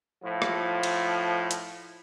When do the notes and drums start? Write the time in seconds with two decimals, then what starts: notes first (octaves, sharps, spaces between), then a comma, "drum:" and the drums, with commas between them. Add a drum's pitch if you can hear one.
0.22 A2 F3
0.42 drum: rim click
0.83 drum: cymbal
1.51 drum: hi-hat